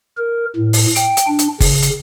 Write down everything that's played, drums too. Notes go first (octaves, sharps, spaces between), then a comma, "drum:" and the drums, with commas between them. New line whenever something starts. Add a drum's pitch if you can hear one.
A#4
A2
drum: open hi-hat
G5, drum: hi-hat
drum: hi-hat
D4
drum: hi-hat
C#3, drum: kick, open hi-hat
drum: hi-hat